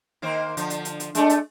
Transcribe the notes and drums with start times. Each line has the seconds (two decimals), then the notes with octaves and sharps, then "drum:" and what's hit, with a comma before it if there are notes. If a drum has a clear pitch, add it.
0.22 D#3 A#3 C5
0.57 D3 F3, drum: hi-hat
0.70 drum: hi-hat
0.85 drum: hi-hat
1.00 drum: hi-hat
1.15 G#3 A3 D4, drum: hi-hat
1.30 drum: hi-hat